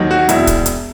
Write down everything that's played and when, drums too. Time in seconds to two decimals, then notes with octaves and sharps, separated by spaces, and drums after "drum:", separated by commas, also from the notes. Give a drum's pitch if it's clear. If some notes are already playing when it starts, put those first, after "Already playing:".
Already playing: D#2 D#3 F#3
0.11 F#4
0.29 E1 E4, drum: hi-hat
0.47 drum: kick C#1, hi-hat
0.66 drum: hi-hat